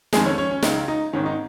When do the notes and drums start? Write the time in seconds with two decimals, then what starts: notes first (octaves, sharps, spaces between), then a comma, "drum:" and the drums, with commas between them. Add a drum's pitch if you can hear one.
0.13 F1 F2 D#3 G#3 G#4, drum: snare
0.26 C#4 C#5
0.38 C#4 C#5
0.51 C#4
0.63 C#2 C#3 D#4, drum: snare
0.88 D#4
1.13 G#1 G#2 D#3 C#4
1.26 D#4